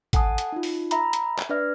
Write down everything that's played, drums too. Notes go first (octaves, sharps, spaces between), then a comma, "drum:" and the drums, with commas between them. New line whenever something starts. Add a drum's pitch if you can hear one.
A4 F#5 G#5 A5 D#6, drum: kick, hi-hat
drum: hi-hat
D#4 F4
drum: open hi-hat
E5 A#5 B5, drum: hi-hat
drum: hi-hat
drum: clap
D4 B4 D5 E5 F6